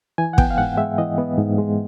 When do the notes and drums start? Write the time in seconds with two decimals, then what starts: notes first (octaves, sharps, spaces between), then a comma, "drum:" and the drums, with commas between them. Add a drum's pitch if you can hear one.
0.18 E3 G#5
0.33 F#5
0.38 B3 G5, drum: kick
0.51 F5
0.58 G#2 F#5
0.77 G#3 E5
0.98 E3 D#5
1.18 B3
1.38 G#2
1.58 G#3